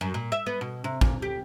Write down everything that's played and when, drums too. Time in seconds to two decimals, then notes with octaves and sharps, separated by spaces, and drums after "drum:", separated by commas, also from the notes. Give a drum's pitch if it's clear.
0.01 F#2
0.14 A#2
0.32 E5
0.46 B3
0.61 B2
0.84 C3
1.01 A#2, drum: kick
1.22 G4